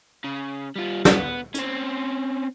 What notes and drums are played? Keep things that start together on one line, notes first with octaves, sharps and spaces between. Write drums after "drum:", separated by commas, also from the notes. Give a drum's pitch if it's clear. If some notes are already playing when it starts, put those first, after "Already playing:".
C#3
G3 F4
B3, drum: snare
C4 C#4, drum: hi-hat